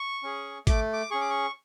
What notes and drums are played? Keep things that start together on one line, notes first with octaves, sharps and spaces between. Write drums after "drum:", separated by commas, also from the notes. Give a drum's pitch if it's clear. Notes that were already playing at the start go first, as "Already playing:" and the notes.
Already playing: C#6
C#4 G#4
A3 D6, drum: kick G#1, hi-hat
D6
C#4 G#4 C#6
D6
C#6